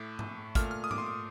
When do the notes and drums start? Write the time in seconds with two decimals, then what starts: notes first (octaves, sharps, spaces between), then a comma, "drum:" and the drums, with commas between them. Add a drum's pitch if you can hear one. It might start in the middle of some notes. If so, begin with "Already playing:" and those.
Already playing: A2 A3 D6
0.19 drum: tom G#2
0.55 A#2 A3 F6, drum: kick, hi-hat
0.71 F6
0.84 D#6
0.91 D6, drum: tom G#2
0.98 C6
1.06 D6